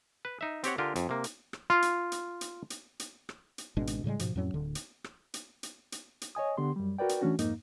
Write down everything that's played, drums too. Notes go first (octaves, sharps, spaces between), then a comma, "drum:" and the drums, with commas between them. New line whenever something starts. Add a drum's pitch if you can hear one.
B4
D#4 E5
C4 G4 C#5 F#5, drum: hi-hat
D3 F4 G4 A#4
F2, drum: hi-hat
C3 A#3
drum: hi-hat
drum: rim click
F4
drum: hi-hat
drum: hi-hat
drum: hi-hat
drum: hi-hat
drum: hi-hat
drum: rim click
drum: hi-hat
G#1 B2 G#3 D4
drum: hi-hat
A2 C#3 G3 G#3
G#2 B2 F3, drum: hi-hat
F2 A2 F#3 C#4
D1 D3
drum: hi-hat
drum: rim click
drum: hi-hat
drum: hi-hat
drum: hi-hat
drum: hi-hat
C#5 D#5 G#5 D#6
D3 B3 G4 C6
F#2 G3
F#4 A#4 B4 D5 G5
drum: hi-hat
E3 A3 C#4 D4 F#4
F2 G#2 A#3 D#4, drum: hi-hat